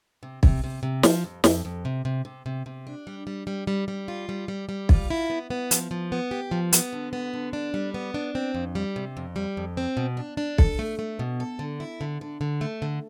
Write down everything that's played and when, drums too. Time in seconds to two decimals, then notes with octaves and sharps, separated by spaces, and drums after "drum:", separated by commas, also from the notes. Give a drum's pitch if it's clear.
0.23 C3
0.43 C3, drum: kick
0.64 C3
0.83 C3
1.03 F3, drum: snare
1.24 F2
1.44 F2, drum: snare
1.65 F2
1.85 C3
2.05 C3
2.25 C3
2.46 C3
2.66 C3
2.87 D4
3.07 G3
3.27 G3
3.47 G3
3.67 G3
3.88 G3
4.08 F4
4.29 G3
4.48 G3
4.69 G3
4.89 F4, drum: kick
5.10 E4
5.30 B3
5.50 B3
5.71 F3, drum: hi-hat
5.91 F3
6.12 B3
6.31 G4
6.51 F3
6.73 B3, drum: hi-hat
6.93 D3
7.13 B3
7.33 D3
7.53 D4
7.74 G3
7.94 B3
8.14 D4
8.35 C4
8.55 F2
8.75 G3
8.96 C3
9.17 F2
9.36 G3
9.57 F2
9.77 C4
9.97 B2
10.17 D4
10.37 D4
10.58 A4, drum: kick
10.79 A3
10.99 A3
11.19 B2
11.40 A4
11.59 D3
11.80 E4
12.01 D3
12.21 D3
12.41 D3
12.61 A3
12.82 D3